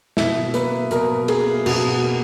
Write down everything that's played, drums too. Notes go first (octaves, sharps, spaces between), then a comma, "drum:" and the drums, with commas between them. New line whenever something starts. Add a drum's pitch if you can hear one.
B2 E5, drum: snare
A#3 B4, drum: hi-hat
B2 A#4, drum: hi-hat
A#3 G#4, drum: cymbal
B2 F#4, drum: cymbal
A#3